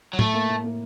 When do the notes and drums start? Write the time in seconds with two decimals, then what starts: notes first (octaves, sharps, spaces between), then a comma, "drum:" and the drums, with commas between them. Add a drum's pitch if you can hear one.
0.13 F#3
0.19 A2 A3, drum: tom
0.34 A#3
0.50 A2
0.64 A#3